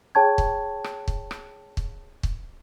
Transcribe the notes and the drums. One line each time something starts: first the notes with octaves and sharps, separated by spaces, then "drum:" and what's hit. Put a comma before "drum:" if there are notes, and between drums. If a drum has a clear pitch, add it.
G#4 C#5 G5 A5 C#6 G#6
drum: kick
drum: rim click
drum: kick
drum: rim click
drum: kick
drum: kick